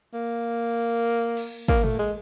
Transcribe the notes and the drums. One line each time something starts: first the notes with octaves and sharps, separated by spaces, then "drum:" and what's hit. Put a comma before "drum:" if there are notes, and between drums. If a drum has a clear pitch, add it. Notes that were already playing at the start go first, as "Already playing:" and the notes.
A#3
drum: cymbal
A#3, drum: kick
A3, drum: tom A2
G#3